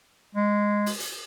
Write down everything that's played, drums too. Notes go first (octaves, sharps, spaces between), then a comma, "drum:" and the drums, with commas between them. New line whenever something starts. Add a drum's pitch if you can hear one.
G#3
drum: open hi-hat
drum: hi-hat